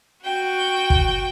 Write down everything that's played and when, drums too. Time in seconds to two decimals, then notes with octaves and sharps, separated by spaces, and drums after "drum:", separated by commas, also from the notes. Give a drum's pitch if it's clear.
0.23 F#4 G5
0.90 drum: kick